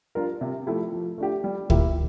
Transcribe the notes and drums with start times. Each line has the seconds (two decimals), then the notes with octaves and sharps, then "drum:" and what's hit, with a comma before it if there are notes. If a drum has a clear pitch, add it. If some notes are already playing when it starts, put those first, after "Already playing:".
0.15 G3 D4 F4 A#4
0.41 C3
0.66 F3 A3 E4 G4
0.92 F3
1.18 A3 D4 G4
1.44 G3
1.70 A#3 E4 G4, drum: kick